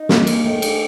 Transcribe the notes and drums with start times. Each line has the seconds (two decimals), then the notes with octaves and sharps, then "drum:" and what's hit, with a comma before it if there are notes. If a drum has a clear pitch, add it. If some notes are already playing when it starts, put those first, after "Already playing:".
Already playing: D#4
0.09 A#3 F4, drum: snare
0.27 drum: cymbal
0.44 D#3 A3
0.62 drum: cymbal